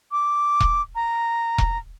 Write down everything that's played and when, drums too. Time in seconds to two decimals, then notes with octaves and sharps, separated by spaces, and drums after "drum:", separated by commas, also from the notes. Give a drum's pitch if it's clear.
0.12 D6
0.60 drum: kick E1
0.95 A#5
1.58 drum: kick E1